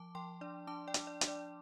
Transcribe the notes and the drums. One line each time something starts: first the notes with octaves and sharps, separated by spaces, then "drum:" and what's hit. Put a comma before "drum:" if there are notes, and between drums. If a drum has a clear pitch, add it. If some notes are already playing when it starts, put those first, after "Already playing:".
Already playing: F3 A5 D6
F3 G5 C6
D4 D5
D4 A5 D6
D5 G5
D4, drum: hi-hat
D5
D4, drum: hi-hat
D5